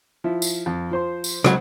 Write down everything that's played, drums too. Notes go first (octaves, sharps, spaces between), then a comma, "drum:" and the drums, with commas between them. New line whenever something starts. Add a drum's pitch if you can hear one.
F3 E4
drum: tambourine
F2
F3 C5 C6
drum: tambourine
C#2 F#3 C5 F#5, drum: rim click